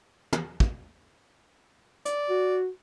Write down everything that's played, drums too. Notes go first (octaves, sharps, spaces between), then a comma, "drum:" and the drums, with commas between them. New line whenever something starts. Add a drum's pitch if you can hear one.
drum: tom
drum: kick
D5, drum: hi-hat
F#4